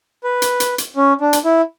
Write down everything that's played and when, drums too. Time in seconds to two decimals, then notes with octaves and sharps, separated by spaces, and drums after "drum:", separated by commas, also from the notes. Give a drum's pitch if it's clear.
0.24 B4
0.42 drum: hi-hat
0.60 drum: hi-hat
0.78 drum: hi-hat
0.96 C#4
1.21 D4
1.33 drum: hi-hat
1.45 E4